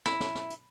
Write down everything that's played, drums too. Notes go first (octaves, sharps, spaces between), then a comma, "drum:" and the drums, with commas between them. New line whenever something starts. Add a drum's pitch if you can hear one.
E4, drum: snare
drum: snare
drum: snare
drum: hi-hat